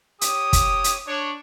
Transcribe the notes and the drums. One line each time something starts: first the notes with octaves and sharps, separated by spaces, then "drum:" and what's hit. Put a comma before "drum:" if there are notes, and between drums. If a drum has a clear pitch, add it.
G4 C#5 D#6, drum: hi-hat
drum: kick, hi-hat
drum: hi-hat
D4 C#5